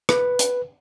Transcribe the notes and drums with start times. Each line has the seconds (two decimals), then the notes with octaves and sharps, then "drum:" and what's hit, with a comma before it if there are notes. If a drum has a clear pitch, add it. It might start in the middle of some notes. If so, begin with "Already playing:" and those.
0.09 B4, drum: rim click
0.39 drum: hi-hat